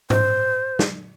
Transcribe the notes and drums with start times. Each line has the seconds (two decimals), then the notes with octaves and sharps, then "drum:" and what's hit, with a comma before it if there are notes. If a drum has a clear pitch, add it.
0.10 C5, drum: tom G#2
0.79 drum: snare